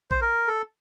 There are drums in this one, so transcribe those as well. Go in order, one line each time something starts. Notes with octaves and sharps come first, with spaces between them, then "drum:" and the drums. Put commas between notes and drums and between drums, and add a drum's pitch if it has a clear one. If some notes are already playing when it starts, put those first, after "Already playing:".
C5, drum: kick A#1
A#4
A4